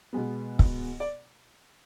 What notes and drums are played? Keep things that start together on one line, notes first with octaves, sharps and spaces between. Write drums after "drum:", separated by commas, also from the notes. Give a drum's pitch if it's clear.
B2 G#3 B3
drum: kick
D5